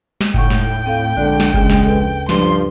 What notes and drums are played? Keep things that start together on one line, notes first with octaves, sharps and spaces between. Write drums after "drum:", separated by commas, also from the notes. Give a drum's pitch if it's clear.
drum: snare
D#2 A2 F#5 G5 C#6, drum: kick F#1
drum: snare
C4 A4 F5
A#1 D3 G#3 D5 F#6
drum: snare
D2 C#3 G#3 C#4, drum: kick F#1
drum: snare
A4 B4
G2 F3 C6, drum: snare